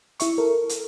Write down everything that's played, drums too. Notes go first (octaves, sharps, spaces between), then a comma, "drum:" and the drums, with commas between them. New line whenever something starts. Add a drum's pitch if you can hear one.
E4 E5 C#6, drum: hi-hat
A4 A#4
drum: hi-hat